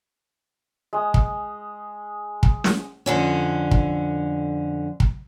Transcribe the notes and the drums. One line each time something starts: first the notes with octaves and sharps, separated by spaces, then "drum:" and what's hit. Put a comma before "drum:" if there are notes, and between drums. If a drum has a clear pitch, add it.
G#3 D#6
drum: kick
drum: kick
drum: snare
F2 D3 C#4
drum: kick
drum: kick